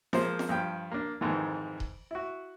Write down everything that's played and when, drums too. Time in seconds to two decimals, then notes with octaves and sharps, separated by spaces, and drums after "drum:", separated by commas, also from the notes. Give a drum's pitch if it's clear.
0.13 F3 G#3 A#3 C5, drum: snare
0.39 drum: snare
0.49 G2 F3 G5
0.92 A#3 D4
1.21 F2 G#2 D#3 E3
1.80 drum: kick D#1
2.11 E4 F#4